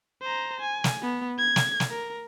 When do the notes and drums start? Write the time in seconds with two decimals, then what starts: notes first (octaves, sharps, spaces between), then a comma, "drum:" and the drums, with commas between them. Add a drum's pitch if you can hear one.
0.22 C5 A#5
0.60 G#5
0.84 drum: snare
1.02 B3
1.39 G#6
1.56 drum: snare
1.80 drum: snare
1.90 A#4